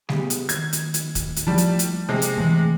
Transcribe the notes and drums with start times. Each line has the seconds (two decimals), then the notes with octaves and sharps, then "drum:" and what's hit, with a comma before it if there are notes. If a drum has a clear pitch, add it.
0.09 B3 G4 G#4, drum: snare G3
0.30 drum: hi-hat
0.49 D#3 G#6, drum: hi-hat
0.73 drum: hi-hat
0.94 drum: hi-hat
1.15 drum: kick, hi-hat
1.36 drum: hi-hat
1.47 F3 G3 A3 E4 A5
1.58 drum: hi-hat
1.79 drum: hi-hat
2.09 C3 G#3 A5
2.22 drum: hi-hat
2.38 E3 A3